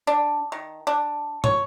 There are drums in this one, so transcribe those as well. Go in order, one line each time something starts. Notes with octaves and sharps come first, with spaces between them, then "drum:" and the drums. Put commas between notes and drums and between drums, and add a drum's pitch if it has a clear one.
D4
D#3
D4
C#5, drum: tom